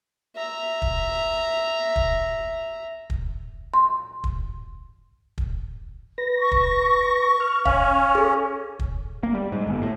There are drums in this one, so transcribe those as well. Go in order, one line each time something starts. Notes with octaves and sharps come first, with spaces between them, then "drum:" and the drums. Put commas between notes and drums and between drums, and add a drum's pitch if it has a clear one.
E5 A#5
drum: kick
drum: kick
drum: kick
C6
drum: kick
drum: kick
B4 A#6
C#6
drum: kick
F6
C#4 F5, drum: kick
G#4 A4
drum: kick
A#3
G3
G#2
G1
A2